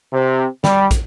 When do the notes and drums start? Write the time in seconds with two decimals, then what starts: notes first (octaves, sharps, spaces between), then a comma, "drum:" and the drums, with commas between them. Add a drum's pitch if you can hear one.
0.12 C3
0.64 G3, drum: snare
0.91 drum: kick, hi-hat